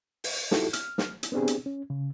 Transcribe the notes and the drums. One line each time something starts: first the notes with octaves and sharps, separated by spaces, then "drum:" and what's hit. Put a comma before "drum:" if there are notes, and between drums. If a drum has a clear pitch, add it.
drum: open hi-hat
D#4 E4 F#4 G4 A4, drum: snare
F6, drum: hi-hat
drum: snare
drum: hi-hat
B3 C4 D4 G4 G#4
drum: hi-hat
C#4
C#3